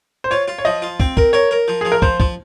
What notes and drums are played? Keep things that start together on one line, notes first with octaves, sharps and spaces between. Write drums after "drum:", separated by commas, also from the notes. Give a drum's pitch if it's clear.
C5
F4 C#5
F4
C#5
F3 D#5
F4
C4, drum: kick
A#4, drum: kick
A#4 C#5
A#4
F3
F3 G#4
A#4
F3 C5, drum: kick
F3, drum: kick